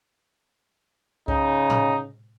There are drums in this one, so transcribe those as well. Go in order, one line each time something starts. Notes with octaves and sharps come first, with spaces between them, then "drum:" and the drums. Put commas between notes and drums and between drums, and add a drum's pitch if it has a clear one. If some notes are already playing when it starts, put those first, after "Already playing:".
C#3 D#4, drum: kick C2
drum: tom A2